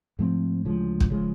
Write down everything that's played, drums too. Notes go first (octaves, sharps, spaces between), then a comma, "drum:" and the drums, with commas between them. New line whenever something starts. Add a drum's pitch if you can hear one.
G#2 F3 A3 C4
D2 C#3 F3 G#3
drum: kick
C#3 F3 G#3